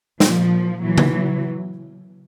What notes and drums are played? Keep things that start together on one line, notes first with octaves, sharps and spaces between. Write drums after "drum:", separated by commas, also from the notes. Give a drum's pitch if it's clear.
A#2 F3, drum: snare
A#2 E3 F#3
drum: tom C#3